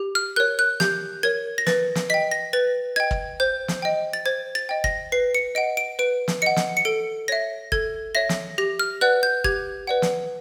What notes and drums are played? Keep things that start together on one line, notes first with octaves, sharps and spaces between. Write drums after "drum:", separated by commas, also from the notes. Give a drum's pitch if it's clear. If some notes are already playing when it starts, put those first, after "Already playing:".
Already playing: G4
F6
A#4 C#5 F#6
F#6
G4 G6, drum: snare
A#4 C#5 G#6
A#6
B4 A6, drum: snare
drum: snare
D#5 G5 B6
A#6
B4 A6
D#5 G5 G#6
drum: kick
C5 G6
drum: snare
D#5 G5
A6
C5 G#6
A6
D#5 G5
A#6, drum: kick
B4 C7
C#7
D#5 F#5 D7
D7
B4 D7
drum: snare
D#5 F#5 C#7
drum: snare
C#7
A4 D7
C#5 E5 A#6
A4 G#6, drum: kick
C#5 E5 A#6
drum: snare
G4 A#6
F6
B4 D5 F#5 F#6
G6
G4 G#6, drum: kick
B4 D5 F#5
drum: snare